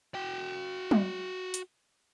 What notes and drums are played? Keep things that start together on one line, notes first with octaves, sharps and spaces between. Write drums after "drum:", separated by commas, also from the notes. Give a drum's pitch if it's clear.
F#4 G5
drum: tom
drum: hi-hat